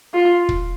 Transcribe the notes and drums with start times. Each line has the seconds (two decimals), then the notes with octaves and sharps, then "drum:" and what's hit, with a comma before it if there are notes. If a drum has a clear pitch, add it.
0.14 F4
0.49 drum: kick